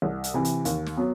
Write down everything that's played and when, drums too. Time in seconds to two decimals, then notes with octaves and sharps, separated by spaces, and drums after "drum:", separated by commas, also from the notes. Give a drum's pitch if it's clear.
0.02 C2
0.24 drum: hi-hat
0.34 C3 E3
0.45 drum: hi-hat
0.65 D#2, drum: hi-hat
0.86 drum: snare
0.97 F#3 B3